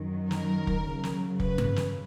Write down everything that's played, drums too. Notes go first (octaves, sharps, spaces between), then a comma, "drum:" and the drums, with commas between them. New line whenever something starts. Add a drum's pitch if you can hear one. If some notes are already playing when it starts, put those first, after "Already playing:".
Already playing: F#2 D#3 F#3
A#4, drum: snare
drum: kick
F#2 C#3 F#3
drum: snare
B4, drum: kick
drum: tom G2
drum: snare